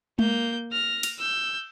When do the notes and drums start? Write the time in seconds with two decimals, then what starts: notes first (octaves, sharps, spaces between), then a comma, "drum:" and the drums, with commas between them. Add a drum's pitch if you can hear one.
0.19 A#3 G6, drum: tom G#3
0.72 F6 A#6
1.03 drum: cymbal
1.19 E6 G6